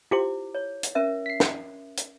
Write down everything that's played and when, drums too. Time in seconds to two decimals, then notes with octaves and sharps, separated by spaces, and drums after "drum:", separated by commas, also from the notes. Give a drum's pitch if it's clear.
0.11 E4 F4 G4 C5 D6
0.54 C#5
0.83 drum: hi-hat
0.95 C#4 A#4 E5
1.26 B6 C7
1.40 drum: snare
1.97 drum: hi-hat